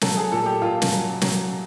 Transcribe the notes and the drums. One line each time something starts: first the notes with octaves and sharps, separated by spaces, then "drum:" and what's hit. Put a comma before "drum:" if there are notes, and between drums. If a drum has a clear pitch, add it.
F#3 A4, drum: snare
G#4
A#2 A4
G4
A#2 F4
drum: snare
F#3
F#3, drum: snare